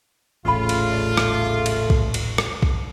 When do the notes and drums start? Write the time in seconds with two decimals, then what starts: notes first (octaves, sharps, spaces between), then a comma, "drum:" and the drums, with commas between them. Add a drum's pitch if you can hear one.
0.45 D#1 A1 C#3 A3 C#4 F4 B5
0.69 drum: cymbal
0.92 D5
1.17 drum: rim click
1.66 drum: cymbal
1.90 drum: kick B1
2.14 drum: cymbal
2.38 drum: rim click
2.63 drum: kick B1